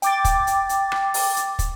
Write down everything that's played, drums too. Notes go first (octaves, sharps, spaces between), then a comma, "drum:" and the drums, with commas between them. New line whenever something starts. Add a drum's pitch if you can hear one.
G5 D6 A6, drum: hi-hat
drum: kick, hi-hat
drum: hi-hat
drum: hi-hat
drum: rim click
drum: open hi-hat
drum: hi-hat
drum: kick, hi-hat